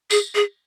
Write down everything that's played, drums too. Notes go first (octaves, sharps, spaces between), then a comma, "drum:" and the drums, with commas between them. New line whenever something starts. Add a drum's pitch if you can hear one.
G#4, drum: tambourine
G#4